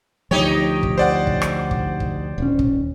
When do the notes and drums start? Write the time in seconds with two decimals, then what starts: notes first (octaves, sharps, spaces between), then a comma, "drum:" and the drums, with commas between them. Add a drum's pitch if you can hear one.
0.31 D2 F3 D#4 G4 C#5
0.83 drum: kick
0.98 C5 D5 F#5
1.27 drum: kick
1.42 drum: rim click
1.71 drum: kick
2.00 drum: kick
2.38 D#1 C#4
2.59 drum: kick